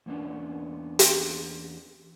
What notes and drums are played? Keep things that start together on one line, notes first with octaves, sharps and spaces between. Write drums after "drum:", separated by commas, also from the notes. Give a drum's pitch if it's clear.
E2 A#3 B3 C#4 D4
drum: hi-hat